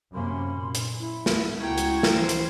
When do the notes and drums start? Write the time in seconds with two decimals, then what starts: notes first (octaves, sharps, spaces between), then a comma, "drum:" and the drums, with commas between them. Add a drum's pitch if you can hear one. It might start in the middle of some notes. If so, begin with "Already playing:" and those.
0.12 F#2 C3 A#3 C#4 B5 C6
0.53 A#2
0.75 drum: hi-hat
0.97 E4
1.26 G#3 A3 B3, drum: snare
1.60 C#2 E4 F#4 G5 A#5 C#6 G#6
1.78 drum: hi-hat
2.03 drum: snare
2.15 E3 F3 C5
2.29 drum: hi-hat